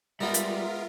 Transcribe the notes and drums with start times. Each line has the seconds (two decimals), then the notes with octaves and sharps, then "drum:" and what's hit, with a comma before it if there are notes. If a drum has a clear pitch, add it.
0.20 G3 G#3 B3 D#4 F4 A#4 E5
0.34 drum: hi-hat